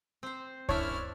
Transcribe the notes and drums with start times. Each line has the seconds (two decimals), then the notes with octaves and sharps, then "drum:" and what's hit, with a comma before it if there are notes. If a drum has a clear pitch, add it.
0.23 C4 C5
0.69 F#2 D4 E4 C#5 E5 F6, drum: kick C#2